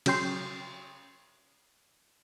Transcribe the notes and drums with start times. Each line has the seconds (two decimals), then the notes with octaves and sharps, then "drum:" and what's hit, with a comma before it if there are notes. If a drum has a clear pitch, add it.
0.06 C#3 F#3 G5 C6, drum: cymbal